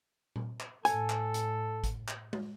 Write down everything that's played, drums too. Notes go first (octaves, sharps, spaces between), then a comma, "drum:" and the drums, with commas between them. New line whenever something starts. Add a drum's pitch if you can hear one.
drum: tom A#2
drum: clap
A2 A4 G#5, drum: hi-hat
drum: clap
drum: hi-hat
drum: kick G#1, hi-hat
drum: clap
drum: tom G#3